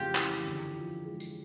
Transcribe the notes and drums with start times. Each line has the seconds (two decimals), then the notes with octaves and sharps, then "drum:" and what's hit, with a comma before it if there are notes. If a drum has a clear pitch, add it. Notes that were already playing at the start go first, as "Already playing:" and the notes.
Already playing: F2 C#3 E3 A3 F4 G4
0.15 E3, drum: clap
0.45 D3
0.76 F3
1.06 G#3
1.20 drum: tambourine